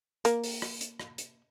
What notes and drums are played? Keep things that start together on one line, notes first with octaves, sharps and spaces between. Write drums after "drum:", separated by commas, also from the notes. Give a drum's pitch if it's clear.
A#3, drum: hi-hat
drum: open hi-hat
drum: rim click
drum: hi-hat
drum: rim click
drum: hi-hat